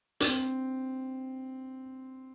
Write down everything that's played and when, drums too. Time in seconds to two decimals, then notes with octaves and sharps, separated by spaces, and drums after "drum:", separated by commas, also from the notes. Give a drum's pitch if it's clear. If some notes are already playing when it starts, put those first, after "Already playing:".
0.20 D4, drum: hi-hat
0.27 C4